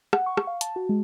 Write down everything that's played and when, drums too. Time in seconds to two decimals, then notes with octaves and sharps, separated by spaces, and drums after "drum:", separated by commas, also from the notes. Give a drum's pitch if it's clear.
0.13 F#5, drum: rim click
0.26 C#6
0.37 drum: rim click
0.47 F5
0.61 A5, drum: hi-hat
0.76 F#4
0.89 G#3